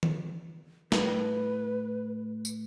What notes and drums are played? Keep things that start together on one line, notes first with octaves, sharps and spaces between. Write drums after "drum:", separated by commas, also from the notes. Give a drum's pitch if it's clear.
drum: tom D#3
A2 B4, drum: snare
drum: tambourine